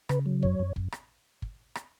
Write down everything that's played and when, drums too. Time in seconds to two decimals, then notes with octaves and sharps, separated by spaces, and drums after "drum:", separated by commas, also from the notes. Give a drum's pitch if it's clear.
0.09 C#3 B4, drum: rim click
0.26 F#3
0.43 F#2 C#5, drum: kick
0.59 F#2
0.76 F#2, drum: kick
0.92 drum: rim click
1.42 drum: kick
1.75 drum: rim click